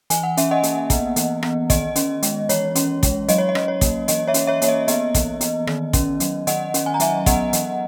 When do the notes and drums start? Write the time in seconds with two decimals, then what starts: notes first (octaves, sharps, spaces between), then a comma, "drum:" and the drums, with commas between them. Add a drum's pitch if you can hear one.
0.10 E3 G#5, drum: hi-hat
0.23 F#5
0.37 C#4 E5, drum: hi-hat
0.51 D#5 F#5
0.63 A#3, drum: hi-hat
0.90 B3, drum: kick, hi-hat
1.16 E3, drum: hi-hat
1.43 B3, drum: rim click
1.70 D#3 D#5, drum: kick, hi-hat
1.96 C#4, drum: hi-hat
2.23 G#3, drum: hi-hat
2.49 E3 C#5, drum: hi-hat
2.75 C#4, drum: hi-hat
3.03 G#3, drum: kick, hi-hat
3.28 F#3 D#5, drum: hi-hat
3.38 C#5
3.49 D#5
3.55 C#4, drum: rim click
3.68 C#5
3.81 A#3, drum: kick, hi-hat
4.08 E3 D#5, drum: hi-hat
4.28 C#5 E5
4.34 C#4, drum: hi-hat
4.47 C#5 E5
4.62 A#3 C#5, drum: hi-hat
4.68 D#5
4.88 B3 D#5, drum: hi-hat
5.15 E3, drum: kick, hi-hat
5.41 B3, drum: hi-hat
5.67 D#3, drum: rim click
5.93 C#4, drum: kick, hi-hat
6.20 F#3, drum: hi-hat
6.47 D#3 D#5 F#5, drum: hi-hat
6.74 C#4, drum: hi-hat
6.86 G#5
6.94 A#5
7.00 F#3 E5 G#5, drum: hi-hat
7.26 B3 D#5 F#5, drum: kick, hi-hat
7.53 E3, drum: hi-hat